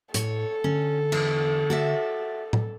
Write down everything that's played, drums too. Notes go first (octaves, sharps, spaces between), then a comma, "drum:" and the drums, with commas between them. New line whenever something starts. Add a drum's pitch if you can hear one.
A2 A4 C#5, drum: hi-hat
D3 C#4
E2, drum: cymbal
F#4 D5 E5
drum: tom A2